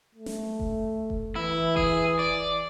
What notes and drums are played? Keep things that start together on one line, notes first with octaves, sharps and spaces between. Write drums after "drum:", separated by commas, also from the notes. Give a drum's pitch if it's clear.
A3
drum: snare
drum: kick F1
drum: kick F1
E3 E4
G#4, drum: kick F1
D5